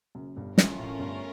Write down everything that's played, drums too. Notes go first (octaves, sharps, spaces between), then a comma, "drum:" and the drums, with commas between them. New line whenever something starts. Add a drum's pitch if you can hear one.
F#1 F#2
G1 G2
A3 C#4 F4 A#4, drum: snare
A1 A2
G1 G2